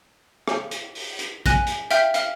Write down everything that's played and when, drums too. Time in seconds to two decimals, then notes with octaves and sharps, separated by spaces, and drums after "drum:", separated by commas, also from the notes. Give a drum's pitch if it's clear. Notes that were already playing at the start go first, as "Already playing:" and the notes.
0.48 drum: rim click
0.71 drum: hi-hat
0.95 drum: open hi-hat
1.19 drum: hi-hat
1.46 G#5 F#6 A#6, drum: kick A#1, hi-hat
1.67 drum: hi-hat
1.91 E5 F5 G5 F6 G6 B6, drum: hi-hat
2.14 F5 F6, drum: hi-hat